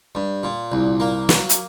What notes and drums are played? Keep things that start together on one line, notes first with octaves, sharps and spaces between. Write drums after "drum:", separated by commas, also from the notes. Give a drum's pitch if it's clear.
G2
A#2
C2
A#3
F#3, drum: snare
drum: hi-hat